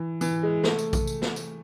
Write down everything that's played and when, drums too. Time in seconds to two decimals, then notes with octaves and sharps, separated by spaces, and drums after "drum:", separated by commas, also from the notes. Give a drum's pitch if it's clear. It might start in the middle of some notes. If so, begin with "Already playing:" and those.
Already playing: E3
0.21 E3, drum: tambourine
0.43 G#3
0.64 A3, drum: snare
0.79 drum: tambourine
0.93 drum: kick A#1, tambourine
1.07 drum: tambourine
1.22 drum: snare
1.36 drum: tambourine